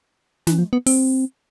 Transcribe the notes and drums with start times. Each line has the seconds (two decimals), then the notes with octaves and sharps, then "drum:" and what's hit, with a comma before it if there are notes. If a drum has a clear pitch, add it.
0.47 E3, drum: snare
0.58 F3
0.73 B3
0.86 C4, drum: open hi-hat